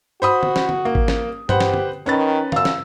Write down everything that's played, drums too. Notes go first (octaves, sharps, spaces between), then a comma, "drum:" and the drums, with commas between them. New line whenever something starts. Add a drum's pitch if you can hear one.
F#4 C5 B5 D#6
drum: tom
drum: snare
drum: tom
A#3
drum: kick G#1
drum: snare
G4 B4 C5 F#5, drum: tom G2
drum: snare
drum: tom
D#3 C#4 B4 A6
F#2 F5 E6, drum: tom D3
drum: snare